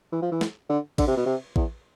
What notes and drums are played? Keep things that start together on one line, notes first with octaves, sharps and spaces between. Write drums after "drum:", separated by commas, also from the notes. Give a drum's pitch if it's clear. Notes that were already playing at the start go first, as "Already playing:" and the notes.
E3
F3
E3
drum: snare
D3
D3, drum: kick A1, cymbal
C3
B2
C3
E2, drum: kick A1